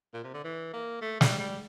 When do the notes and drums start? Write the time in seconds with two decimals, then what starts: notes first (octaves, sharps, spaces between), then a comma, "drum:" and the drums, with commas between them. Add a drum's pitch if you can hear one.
0.14 A#2
0.24 C3
0.34 D3
0.44 E3
0.74 A#3
1.02 A3
1.21 G3, drum: snare
1.39 G3